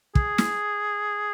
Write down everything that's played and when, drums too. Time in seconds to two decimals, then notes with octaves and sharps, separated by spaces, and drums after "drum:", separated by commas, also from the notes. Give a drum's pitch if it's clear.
0.15 G#4, drum: kick
0.38 drum: snare